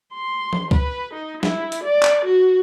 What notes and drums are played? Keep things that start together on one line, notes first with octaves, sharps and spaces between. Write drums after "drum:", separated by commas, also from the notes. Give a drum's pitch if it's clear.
C6
drum: tom E3
B4, drum: kick C#2
D#4
E4, drum: snare
drum: hi-hat
D5
drum: clap
F#4